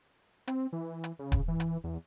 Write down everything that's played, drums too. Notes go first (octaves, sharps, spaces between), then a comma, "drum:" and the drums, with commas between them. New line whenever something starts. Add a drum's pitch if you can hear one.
C4, drum: hi-hat
E3
drum: hi-hat
C#3
drum: kick D#1, hi-hat
E3
drum: hi-hat
E2